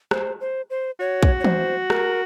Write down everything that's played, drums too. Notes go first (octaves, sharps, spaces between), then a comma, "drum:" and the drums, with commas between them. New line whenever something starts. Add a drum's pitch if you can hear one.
C5, drum: rim click
C5
C5
F#4 C#5
drum: kick A#1
C#5
C5, drum: tom E3
A#4, drum: rim click